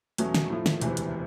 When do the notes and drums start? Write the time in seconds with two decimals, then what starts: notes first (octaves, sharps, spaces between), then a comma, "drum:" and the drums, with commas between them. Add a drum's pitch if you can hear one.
0.18 E2 B2 F#3 A3 C#4, drum: hi-hat
0.35 drum: snare
0.50 A2 F3 A3
0.66 drum: snare
0.81 E1 D2 C3 E3, drum: hi-hat
0.97 drum: hi-hat